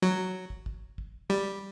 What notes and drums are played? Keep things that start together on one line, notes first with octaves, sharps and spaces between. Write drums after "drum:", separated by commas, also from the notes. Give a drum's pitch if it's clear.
F#3
drum: kick
drum: kick
drum: kick
G3